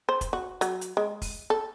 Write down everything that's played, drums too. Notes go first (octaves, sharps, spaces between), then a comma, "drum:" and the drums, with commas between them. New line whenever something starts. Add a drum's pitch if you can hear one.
C5
drum: kick, hi-hat
F#4
F#3, drum: hi-hat
drum: hi-hat
G#3
drum: kick, open hi-hat
A4